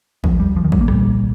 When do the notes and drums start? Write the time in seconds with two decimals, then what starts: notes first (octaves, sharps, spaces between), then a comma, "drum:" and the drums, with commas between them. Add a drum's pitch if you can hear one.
0.24 D#2 F3, drum: kick
0.40 G3
0.56 F3
0.64 D#3
0.72 G3, drum: kick
0.81 A#3
0.88 C2 A#2 G3, drum: rim click